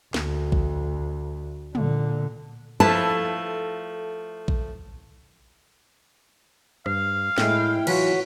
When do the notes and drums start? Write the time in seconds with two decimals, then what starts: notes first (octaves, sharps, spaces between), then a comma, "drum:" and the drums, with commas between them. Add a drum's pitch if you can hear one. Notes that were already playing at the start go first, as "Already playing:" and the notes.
0.14 D2, drum: snare
0.52 drum: kick A#1
1.75 A#2 D3, drum: tom
2.80 F3 A3 E4 A4 B4 A5
4.48 drum: kick A#1
6.86 G2 F5, drum: rim click
7.38 A2 G#3 E4 G5, drum: snare
7.87 E3 F#3 F4 F#4 B4 C#5, drum: cymbal